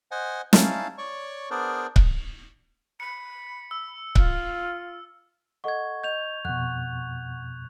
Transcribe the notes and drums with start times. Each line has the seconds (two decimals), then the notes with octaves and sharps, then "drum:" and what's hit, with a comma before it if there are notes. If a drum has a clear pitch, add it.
0.11 C5 D#5 F#5 G#5
0.53 C#4 D#4 E4 F5 A5, drum: snare
0.98 C#5 D5 C#6
1.50 B3 D4 G#4 A#4 C5 D5
1.96 drum: kick C#1
3.00 B5 C#7
3.71 E6
4.15 F4, drum: kick C#1
5.64 A4 D#5 F#5 C#6 G#6
6.04 D#5 G6 F7
6.45 F2 B2 F#5 C#6 F#6